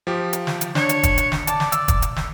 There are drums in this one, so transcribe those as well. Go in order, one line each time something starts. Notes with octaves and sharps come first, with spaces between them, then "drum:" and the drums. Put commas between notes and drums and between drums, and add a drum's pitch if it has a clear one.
F3 G4
drum: hi-hat
drum: snare
drum: hi-hat
D4 C#5, drum: snare
drum: hi-hat
drum: kick, hi-hat
drum: hi-hat
drum: snare
D5 A5, drum: hi-hat
drum: snare
E6, drum: hi-hat
drum: kick, hi-hat
drum: hi-hat
drum: snare